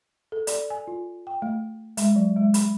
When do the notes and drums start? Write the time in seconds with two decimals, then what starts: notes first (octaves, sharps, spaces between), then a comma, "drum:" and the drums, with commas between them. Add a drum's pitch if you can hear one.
0.32 A4
0.47 D5, drum: hi-hat
0.70 G#5
0.88 F4
1.27 G5
1.42 A3
1.97 G#3, drum: hi-hat
2.16 F#3
2.36 G#3
2.54 B5, drum: hi-hat